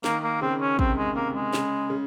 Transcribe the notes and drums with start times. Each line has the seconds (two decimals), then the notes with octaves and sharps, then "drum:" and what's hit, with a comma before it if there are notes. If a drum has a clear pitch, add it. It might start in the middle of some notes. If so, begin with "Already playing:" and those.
0.04 D#3 A#3, drum: snare
0.24 A#3
0.41 C#3 C4
0.61 C#4
0.79 C3 C4, drum: kick
0.98 G#3
1.16 C3 A#3
1.34 G#3
1.53 C#3, drum: snare
1.90 C#3